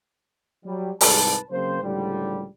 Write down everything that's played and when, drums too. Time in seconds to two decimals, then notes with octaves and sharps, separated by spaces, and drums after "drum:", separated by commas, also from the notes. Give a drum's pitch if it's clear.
0.65 F#3 G3
1.01 C2 G#2 G3 B4 A5, drum: open hi-hat
1.50 C#3 F#3 A#3 C4 C5
1.82 C#2 A2 D3 F3 G3